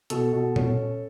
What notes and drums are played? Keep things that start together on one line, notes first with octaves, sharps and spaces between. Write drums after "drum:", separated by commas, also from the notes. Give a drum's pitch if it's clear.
B2 A4, drum: hi-hat
B2
C#4, drum: tom A#2